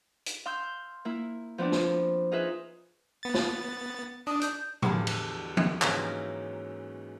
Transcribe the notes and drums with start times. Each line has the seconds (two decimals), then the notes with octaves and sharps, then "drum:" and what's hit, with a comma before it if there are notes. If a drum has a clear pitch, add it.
0.26 drum: hi-hat
0.45 F5 C6 E6 G6
1.05 A#3 E4
1.58 F3 B3 C4 D4
1.72 drum: snare
2.32 D#4 F4 G#4 B4 E5
3.23 B3 A6
3.34 drum: snare
4.27 D4 D#6
4.41 G6, drum: hi-hat
4.82 E2 D3 G3 F5, drum: tom A2
5.07 drum: cymbal
5.57 drum: tom D#3
5.82 G#2 E3 F#3 A#3 C#4 D#4, drum: clap